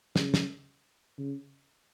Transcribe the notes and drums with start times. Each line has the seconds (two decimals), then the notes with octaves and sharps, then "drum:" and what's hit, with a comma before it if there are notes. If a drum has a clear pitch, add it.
0.16 C#3, drum: snare
0.34 drum: snare
1.19 C#3